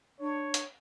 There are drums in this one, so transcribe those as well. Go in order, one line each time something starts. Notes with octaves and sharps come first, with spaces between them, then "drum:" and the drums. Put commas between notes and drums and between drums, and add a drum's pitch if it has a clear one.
D4 C#5
drum: hi-hat